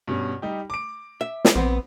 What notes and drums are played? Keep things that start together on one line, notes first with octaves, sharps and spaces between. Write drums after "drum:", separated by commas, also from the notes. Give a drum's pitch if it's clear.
G2 B2 C#4
G3 D#4 G4
D6 D7
E5
drum: snare
A#1 B3 C4